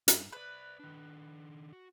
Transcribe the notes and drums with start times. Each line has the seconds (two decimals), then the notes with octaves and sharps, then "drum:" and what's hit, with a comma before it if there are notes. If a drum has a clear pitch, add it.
0.08 G2, drum: hi-hat
0.33 B4 C5 D5
0.80 D#3 D4
1.73 F#4